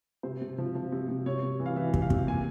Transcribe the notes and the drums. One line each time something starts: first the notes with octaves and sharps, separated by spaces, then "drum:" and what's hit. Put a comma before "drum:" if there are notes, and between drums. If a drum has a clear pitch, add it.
C3 C5
C3
F3
F3
C3
C3
C3 C#5
C3
E3
F5
E3 E5
C3, drum: kick
F5
C3, drum: kick
A#2 G#5